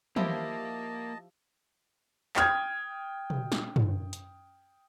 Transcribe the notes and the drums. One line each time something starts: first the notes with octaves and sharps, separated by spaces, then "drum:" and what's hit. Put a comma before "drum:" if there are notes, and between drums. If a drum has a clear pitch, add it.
F3 A#3 E4 G4 D#5 A5, drum: tom
G5 D#6 F6 G6 G#6, drum: clap
drum: tom
drum: snare
drum: tom
drum: hi-hat